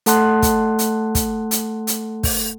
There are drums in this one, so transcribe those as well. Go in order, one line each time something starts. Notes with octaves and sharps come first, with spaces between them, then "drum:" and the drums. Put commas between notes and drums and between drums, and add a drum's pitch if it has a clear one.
A3 A4 F#5 A5 C6 F#6, drum: hi-hat
drum: kick, hi-hat
drum: hi-hat
drum: kick, hi-hat
drum: hi-hat
drum: hi-hat
drum: kick, open hi-hat